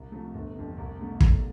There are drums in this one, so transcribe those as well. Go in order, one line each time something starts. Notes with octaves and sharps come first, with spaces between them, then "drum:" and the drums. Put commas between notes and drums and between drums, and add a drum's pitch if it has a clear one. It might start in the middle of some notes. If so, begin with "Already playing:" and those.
Already playing: C2
C3 F3 A3
G1
F2 C3
C2
B2 A3
B1, drum: kick